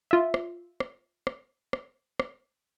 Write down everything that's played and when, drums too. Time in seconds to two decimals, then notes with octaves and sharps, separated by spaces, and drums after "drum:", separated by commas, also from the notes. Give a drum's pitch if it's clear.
0.11 F4 E5
0.34 drum: rim click
0.80 drum: rim click
1.27 drum: rim click
1.73 drum: rim click
2.20 drum: rim click